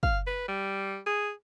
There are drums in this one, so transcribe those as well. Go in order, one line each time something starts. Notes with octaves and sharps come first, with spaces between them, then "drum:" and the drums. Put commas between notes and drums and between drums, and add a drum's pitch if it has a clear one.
F5, drum: kick
B4
G3
G#4